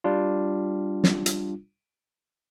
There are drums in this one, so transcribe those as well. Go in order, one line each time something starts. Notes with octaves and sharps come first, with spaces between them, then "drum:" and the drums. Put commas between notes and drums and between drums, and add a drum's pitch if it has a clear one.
G3 D4 F4
drum: snare
drum: hi-hat